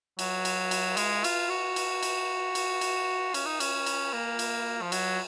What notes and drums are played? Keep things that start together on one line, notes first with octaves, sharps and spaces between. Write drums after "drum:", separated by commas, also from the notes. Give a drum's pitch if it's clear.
F#3, drum: cymbal
drum: cymbal
drum: cymbal
G#3, drum: cymbal
F4, drum: cymbal
F#4
drum: cymbal
drum: cymbal
drum: cymbal
drum: cymbal
C#4, drum: cymbal
D#4
C#4, drum: cymbal
drum: cymbal
A#3
drum: cymbal
F3
F#3, drum: cymbal